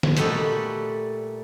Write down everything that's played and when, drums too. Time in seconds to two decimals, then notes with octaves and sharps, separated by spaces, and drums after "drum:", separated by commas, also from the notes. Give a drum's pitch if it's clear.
0.03 drum: snare
0.17 A#2 G3 A3 F#4 A4 D#5, drum: hi-hat